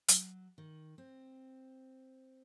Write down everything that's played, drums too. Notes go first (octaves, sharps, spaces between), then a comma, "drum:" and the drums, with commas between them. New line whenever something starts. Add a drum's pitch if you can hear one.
F#3, drum: hi-hat
D#3
C4